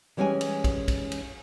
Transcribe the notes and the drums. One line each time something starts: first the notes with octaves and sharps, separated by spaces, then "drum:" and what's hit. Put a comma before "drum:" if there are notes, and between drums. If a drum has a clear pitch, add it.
E3 G3 G#3 C#4 C#5 G#5
drum: cymbal
drum: kick, cymbal
drum: kick, cymbal
drum: cymbal